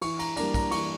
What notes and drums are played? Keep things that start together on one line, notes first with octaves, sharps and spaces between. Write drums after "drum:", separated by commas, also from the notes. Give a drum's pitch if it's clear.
E3 C#6, drum: cymbal
A#5, drum: cymbal
G3 A#3 D4 A#5, drum: cymbal
A#5, drum: kick, cymbal
E3 C#6, drum: cymbal